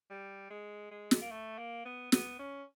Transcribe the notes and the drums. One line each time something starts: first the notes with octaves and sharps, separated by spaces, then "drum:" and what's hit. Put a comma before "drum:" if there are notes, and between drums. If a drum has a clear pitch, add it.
G3
G#3
G#3
drum: snare
A#3
A3
A#3
B3
B3, drum: snare
C#4